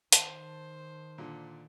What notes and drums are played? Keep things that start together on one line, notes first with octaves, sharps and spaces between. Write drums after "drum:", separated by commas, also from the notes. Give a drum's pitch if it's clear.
D#3 C5 A5, drum: hi-hat
A#2 D3